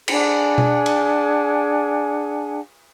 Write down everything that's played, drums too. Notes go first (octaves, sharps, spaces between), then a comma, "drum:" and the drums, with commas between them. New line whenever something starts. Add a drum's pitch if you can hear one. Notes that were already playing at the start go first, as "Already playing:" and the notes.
D4 G#4 F#5 G#5, drum: cymbal
drum: tom B2
drum: cymbal